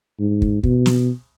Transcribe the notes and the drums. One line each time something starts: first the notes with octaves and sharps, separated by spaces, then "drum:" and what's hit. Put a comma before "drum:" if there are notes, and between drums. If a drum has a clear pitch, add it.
G#2
drum: kick
B2, drum: kick
drum: snare